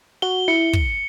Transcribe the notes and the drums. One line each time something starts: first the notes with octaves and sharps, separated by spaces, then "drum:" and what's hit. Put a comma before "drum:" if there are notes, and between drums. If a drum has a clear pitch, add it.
F#4 G7
E4 C#7
drum: kick